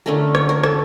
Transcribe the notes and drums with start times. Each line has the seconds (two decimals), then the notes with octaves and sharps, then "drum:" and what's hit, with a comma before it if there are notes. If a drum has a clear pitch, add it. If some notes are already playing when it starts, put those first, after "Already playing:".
0.06 D3 A3 C#4 A#4
0.35 C#5, drum: rim click
0.49 A#4
0.63 A4, drum: rim click